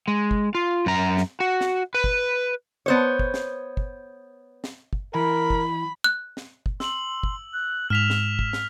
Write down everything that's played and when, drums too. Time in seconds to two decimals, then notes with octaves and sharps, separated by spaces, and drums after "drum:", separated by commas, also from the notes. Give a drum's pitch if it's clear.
0.08 G#3
0.31 drum: kick
0.55 F4
0.86 F#2 A#5
1.17 drum: snare
1.40 F#4
1.61 drum: snare
1.94 B4
2.04 drum: kick
2.86 B3 C5 C#5
3.19 drum: kick
3.34 drum: snare
3.77 drum: kick
4.64 drum: snare
4.93 drum: kick
5.15 E3 A#4 B5
5.50 drum: kick
6.04 F#6
6.37 drum: snare
6.66 drum: kick
6.80 C6 E6 F#7, drum: snare
7.23 drum: kick
7.53 F#6
7.90 G#2 F6 B6 E7 F7
8.10 drum: snare
8.39 drum: kick
8.53 drum: snare